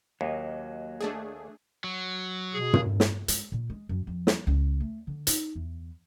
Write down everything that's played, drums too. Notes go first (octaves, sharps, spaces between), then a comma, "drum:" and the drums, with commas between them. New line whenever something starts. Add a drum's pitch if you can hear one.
D#2 F#3 A#3 D#5
A3 D4 G#4
F#3
B2 G#4
drum: tom
drum: snare
G#3, drum: hi-hat
A#2
G#3
F#2
F2
drum: snare
C#2
A3
D3
D#4, drum: hi-hat
E2